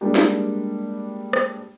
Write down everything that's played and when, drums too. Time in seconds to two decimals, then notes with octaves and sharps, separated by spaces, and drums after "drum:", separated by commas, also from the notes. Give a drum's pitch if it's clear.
0.01 G3 G#3 A#3 D4 G4
0.15 drum: snare
1.33 drum: rim click